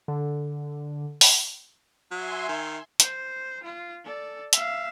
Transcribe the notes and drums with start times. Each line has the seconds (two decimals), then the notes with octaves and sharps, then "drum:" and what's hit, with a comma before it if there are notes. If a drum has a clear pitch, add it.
0.08 D3
1.21 drum: open hi-hat
2.11 F#3 E5 G#5 C6
2.49 D#3
3.00 C5, drum: hi-hat
3.64 F4
4.05 A4 D5
4.53 E5 F5, drum: hi-hat